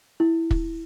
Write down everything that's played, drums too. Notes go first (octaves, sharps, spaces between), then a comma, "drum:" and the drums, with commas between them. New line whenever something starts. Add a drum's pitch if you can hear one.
E4
drum: kick